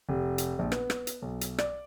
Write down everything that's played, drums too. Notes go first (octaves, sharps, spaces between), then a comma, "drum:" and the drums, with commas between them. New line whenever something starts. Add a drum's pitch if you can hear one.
F1
drum: hi-hat
A#1
B3, drum: rim click
drum: rim click
drum: hi-hat
B1
drum: hi-hat
D5, drum: rim click